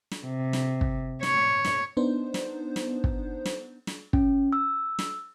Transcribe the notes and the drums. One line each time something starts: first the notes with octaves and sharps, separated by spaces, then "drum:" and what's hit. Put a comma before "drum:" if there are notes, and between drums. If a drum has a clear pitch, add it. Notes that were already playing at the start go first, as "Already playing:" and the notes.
drum: snare
C3
drum: snare
drum: kick
C#5, drum: snare
drum: snare
B3 D4 D#4 C5
drum: snare
drum: snare
drum: kick
drum: snare
drum: snare
C#4, drum: kick
E6
drum: snare